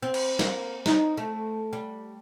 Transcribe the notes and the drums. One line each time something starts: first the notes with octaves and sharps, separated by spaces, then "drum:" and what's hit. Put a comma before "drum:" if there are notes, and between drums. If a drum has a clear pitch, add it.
C4
drum: cymbal
A#3, drum: snare
D#4, drum: snare
A3
G3